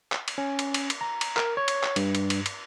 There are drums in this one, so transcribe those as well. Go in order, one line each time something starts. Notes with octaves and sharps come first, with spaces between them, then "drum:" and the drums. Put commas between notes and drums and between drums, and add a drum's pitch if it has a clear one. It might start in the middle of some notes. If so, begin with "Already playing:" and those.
drum: clap
drum: cymbal
C#4
drum: cymbal
drum: cymbal
drum: cymbal
A#5
drum: cymbal
A#4, drum: clap
C#5
drum: cymbal
drum: clap
G2, drum: cymbal
drum: cymbal
drum: cymbal
drum: cymbal